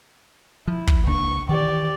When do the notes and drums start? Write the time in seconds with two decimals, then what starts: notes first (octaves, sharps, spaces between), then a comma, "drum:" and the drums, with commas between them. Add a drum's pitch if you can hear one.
0.68 F3 E4
0.87 drum: kick
1.07 C#2 A#3 D4 C#6
1.49 D#3 E3 G4 D5